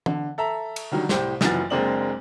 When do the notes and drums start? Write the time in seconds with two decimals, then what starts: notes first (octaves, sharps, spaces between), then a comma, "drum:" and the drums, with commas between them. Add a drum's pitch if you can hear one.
0.06 D3, drum: tom
0.38 A4 E5 A#5
0.76 drum: cymbal
0.92 D3 D#3 F#3 G3
1.09 C2 A2 G4 C5, drum: snare
1.41 F#1 F#2 E3 F3 B3 A6, drum: snare
1.70 F#1 G#3 A#3 C4 D4 F#7